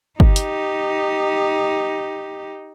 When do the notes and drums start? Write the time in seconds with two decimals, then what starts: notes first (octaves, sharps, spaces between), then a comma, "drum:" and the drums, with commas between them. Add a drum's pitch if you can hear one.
0.20 D#4 G4, drum: kick G1
0.36 drum: hi-hat